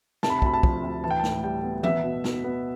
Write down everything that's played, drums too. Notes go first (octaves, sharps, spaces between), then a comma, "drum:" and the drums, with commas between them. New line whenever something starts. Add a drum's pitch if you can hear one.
C3 A5, drum: snare
B5
A5
D2 B5, drum: kick
A5
F3, drum: kick
D2
E3 A5
G5
A5
A2, drum: snare
G3 G5
B3
B3 E5, drum: tom E3
B2
B2, drum: snare
B3